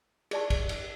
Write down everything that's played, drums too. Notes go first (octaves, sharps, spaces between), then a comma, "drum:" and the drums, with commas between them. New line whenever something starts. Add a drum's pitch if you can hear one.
G#4 D5 A5 C#6, drum: cymbal
drum: kick, cymbal
drum: cymbal